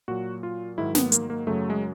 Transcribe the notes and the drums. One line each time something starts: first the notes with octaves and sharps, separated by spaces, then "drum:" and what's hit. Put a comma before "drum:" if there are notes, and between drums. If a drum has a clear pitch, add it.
A#2 F#3 F#4
F4
G#2 D#3 F#3 E4
B3, drum: snare
A#3, drum: hi-hat
A#3
F#2 C#3 F#3 A3
G#3